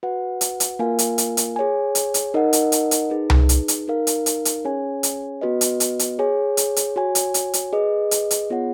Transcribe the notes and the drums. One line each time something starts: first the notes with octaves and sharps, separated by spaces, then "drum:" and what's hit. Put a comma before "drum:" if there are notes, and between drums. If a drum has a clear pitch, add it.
F#4 B4 F#5
drum: hi-hat
drum: hi-hat
A#3 F4 A#4 F5 G#5
drum: hi-hat
drum: hi-hat
drum: hi-hat
G#4 C#5 G#5
drum: hi-hat
drum: hi-hat
D#4 A#4 D#5 F#5
drum: hi-hat
drum: hi-hat
drum: hi-hat
D#4 G#4 B4
drum: tom C2
drum: hi-hat
drum: hi-hat
D#4 A#4 F5
drum: hi-hat
drum: hi-hat
drum: hi-hat
C#4 G#4 C#5 G#5
drum: hi-hat
B3 F#4 B4 D#5
drum: hi-hat
drum: hi-hat
drum: hi-hat
G#4 C#5 G#5
drum: hi-hat
drum: hi-hat
F#4 C#5 G#5
drum: hi-hat
drum: hi-hat
drum: hi-hat
G#4 B4 D#5
drum: hi-hat
drum: hi-hat
B3 F4 G#4 C#5 F#5